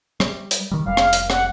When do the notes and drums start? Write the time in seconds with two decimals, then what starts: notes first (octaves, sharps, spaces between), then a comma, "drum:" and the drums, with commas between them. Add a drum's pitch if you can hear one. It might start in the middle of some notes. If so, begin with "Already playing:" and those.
0.20 G3, drum: rim click
0.51 drum: hi-hat
0.71 D#3 G3
0.86 F1 G3 F5
0.97 drum: rim click
1.13 drum: hi-hat
1.30 F#5, drum: rim click